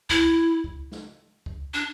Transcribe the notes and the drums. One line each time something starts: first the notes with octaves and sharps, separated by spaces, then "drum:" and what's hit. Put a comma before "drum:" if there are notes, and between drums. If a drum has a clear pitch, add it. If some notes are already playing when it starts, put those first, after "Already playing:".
E4, drum: kick
drum: kick
drum: snare
drum: kick
D4